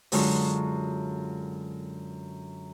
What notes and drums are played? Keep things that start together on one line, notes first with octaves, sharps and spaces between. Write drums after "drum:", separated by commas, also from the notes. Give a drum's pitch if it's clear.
F#2 D3 G#3 F4 C#5, drum: open hi-hat